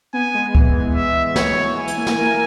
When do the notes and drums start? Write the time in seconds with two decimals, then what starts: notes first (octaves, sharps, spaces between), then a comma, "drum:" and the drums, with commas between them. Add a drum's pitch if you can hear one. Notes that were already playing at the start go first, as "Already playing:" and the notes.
0.13 B3 G#5
0.34 G#3
0.55 E3, drum: kick C#2
0.74 E3
0.94 B3 E5
1.15 G#3
1.36 E3 C#5, drum: snare
1.56 E3
1.76 E4 G#5
1.88 drum: hi-hat
1.97 A#3
2.07 drum: snare
2.18 A#4